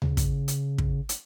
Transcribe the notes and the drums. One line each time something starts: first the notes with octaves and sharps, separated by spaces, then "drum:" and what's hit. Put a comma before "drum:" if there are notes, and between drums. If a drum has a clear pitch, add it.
C#3, drum: tom D2
drum: kick, hi-hat
drum: hi-hat
drum: kick
drum: hi-hat